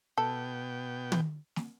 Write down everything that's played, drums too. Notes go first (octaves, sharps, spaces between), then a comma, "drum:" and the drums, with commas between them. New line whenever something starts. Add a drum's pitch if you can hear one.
B2 A4 G5
drum: tom
drum: snare